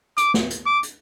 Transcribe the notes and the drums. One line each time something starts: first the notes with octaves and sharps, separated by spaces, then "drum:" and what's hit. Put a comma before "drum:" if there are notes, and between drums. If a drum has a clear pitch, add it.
D6, drum: hi-hat
drum: snare
drum: hi-hat
D6
drum: hi-hat